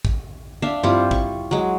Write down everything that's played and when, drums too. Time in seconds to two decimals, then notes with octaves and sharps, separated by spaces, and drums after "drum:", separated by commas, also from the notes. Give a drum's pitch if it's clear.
0.05 drum: kick
0.62 D4 E5 F5
0.83 G3 C4 E4 F4, drum: tom G2
1.11 C#6, drum: kick
1.51 F#3 G#3